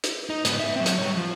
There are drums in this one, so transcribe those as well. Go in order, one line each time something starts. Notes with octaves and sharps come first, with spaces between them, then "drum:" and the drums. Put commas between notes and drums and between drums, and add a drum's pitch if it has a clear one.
drum: hi-hat
D#4
G#2 B3, drum: hi-hat
B3 E5
F#3 C4
drum: hi-hat
G3 C#5
F3